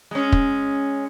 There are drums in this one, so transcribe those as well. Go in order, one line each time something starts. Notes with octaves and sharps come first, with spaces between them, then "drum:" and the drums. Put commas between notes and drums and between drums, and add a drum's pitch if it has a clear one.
G#3 C#4
drum: kick